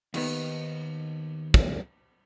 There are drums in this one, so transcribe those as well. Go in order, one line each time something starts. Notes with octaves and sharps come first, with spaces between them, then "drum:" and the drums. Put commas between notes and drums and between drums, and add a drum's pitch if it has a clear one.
D#2 D#3 B3, drum: cymbal
drum: kick